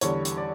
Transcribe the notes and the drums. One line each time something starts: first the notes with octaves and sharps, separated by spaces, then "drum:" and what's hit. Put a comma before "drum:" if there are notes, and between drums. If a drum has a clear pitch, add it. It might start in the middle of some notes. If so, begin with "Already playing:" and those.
E2 D3 G3 C#5, drum: hi-hat
drum: hi-hat
D5